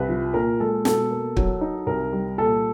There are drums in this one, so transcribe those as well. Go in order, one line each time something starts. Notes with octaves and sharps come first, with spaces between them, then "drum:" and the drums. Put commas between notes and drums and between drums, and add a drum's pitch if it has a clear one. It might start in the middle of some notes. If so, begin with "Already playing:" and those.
Already playing: C2 B4
F3
A#2 A#4
G#3 A4
B2 A4, drum: snare
A#3
F#3, drum: kick
D#4
C2 A#4
G3
A#2 A4